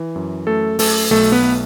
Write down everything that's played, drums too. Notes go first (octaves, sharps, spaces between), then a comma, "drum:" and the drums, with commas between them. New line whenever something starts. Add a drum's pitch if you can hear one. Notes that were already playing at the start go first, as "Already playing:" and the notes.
Already playing: E3
F#2
F#2 A3 A4
A3 A4, drum: open hi-hat
B1 A3 A4
B3 B4
A3